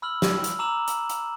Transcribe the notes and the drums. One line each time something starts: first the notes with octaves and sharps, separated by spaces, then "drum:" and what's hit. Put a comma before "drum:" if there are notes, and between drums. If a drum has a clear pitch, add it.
B5 E6 F6 F#7
E6, drum: snare
drum: hi-hat
A#5 D6 E6 E7 F#7
drum: hi-hat
drum: hi-hat